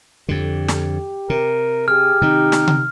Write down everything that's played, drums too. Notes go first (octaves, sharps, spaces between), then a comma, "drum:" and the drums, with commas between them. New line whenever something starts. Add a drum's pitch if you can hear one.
F2 D3 G4
drum: snare
C3 A#4
G4 G#4 F6
C3 D#3 D#4
drum: snare
drum: tom C3